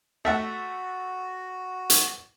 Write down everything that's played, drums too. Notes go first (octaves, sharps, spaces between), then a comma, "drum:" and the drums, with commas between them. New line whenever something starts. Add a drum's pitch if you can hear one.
A3 F#4 E5 F#5
drum: hi-hat